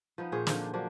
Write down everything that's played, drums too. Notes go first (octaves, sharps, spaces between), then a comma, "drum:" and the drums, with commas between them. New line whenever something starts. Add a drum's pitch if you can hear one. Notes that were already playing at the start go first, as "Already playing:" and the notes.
F3 B3 D#4
A#2 G#4 C5 C#5
D3 F3 D#4, drum: snare
D4
F3 F#3 A#3 D4